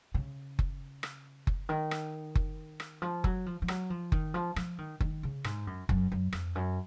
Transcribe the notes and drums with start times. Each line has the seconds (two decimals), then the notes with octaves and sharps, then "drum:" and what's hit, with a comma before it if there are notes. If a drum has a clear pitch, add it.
0.14 C#3
0.59 drum: kick F#1
1.03 drum: rim click
1.47 drum: kick F#1
1.69 D#3
1.91 drum: rim click
2.35 drum: kick F#1
2.80 drum: rim click
3.02 F3
3.24 F#3, drum: kick F#1
3.46 F3
3.62 F3
3.68 F#3, drum: rim click
3.90 F3
4.12 D#3, drum: kick F#1
4.34 F3
4.56 F3, drum: rim click
4.78 D#3
5.00 D#3, drum: kick F#1
5.23 C#3
5.44 G#2, drum: rim click
5.67 F#2
5.89 F#2, drum: kick F#1
6.12 F#2
6.33 F2, drum: rim click
6.55 F#2